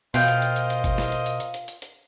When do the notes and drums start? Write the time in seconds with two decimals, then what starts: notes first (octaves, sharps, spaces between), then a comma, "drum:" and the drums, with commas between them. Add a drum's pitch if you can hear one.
0.14 B2 F4 A#4 C5 D#5 F5 G5, drum: hi-hat
0.28 drum: hi-hat
0.42 drum: hi-hat
0.56 drum: hi-hat
0.70 drum: hi-hat
0.84 drum: kick, hi-hat
0.98 drum: snare
1.12 drum: hi-hat
1.26 drum: hi-hat
1.40 drum: hi-hat
1.54 drum: hi-hat
1.68 drum: hi-hat
1.82 drum: hi-hat